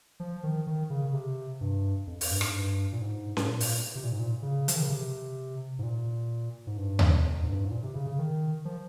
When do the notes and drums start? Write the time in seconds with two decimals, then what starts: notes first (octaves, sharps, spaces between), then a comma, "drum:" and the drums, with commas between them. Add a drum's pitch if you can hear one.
0.20 F3
0.43 D#3
0.67 D#3
0.90 C#3
1.04 C#3
1.14 C3
1.61 G2
2.07 F2
2.21 drum: open hi-hat
2.31 G2
2.41 G#2, drum: rim click
2.51 G2
2.92 A#2
3.01 G#2
3.37 G#2, drum: snare C#4
3.48 A#2
3.60 drum: open hi-hat
3.95 C3
4.04 A#2
4.12 G#2
4.20 A#2
4.42 C#3
4.68 F3, drum: hi-hat
4.75 D#3
4.82 C#3
4.89 C3
5.79 G#2
5.83 A#2
6.67 G#2
6.77 G2
6.99 drum: tom D#2
7.24 F2
7.43 G#2
7.47 G2
7.65 G#2
7.71 A#2
7.83 C3
7.95 C#3
8.07 C#3
8.19 D#3
8.65 F3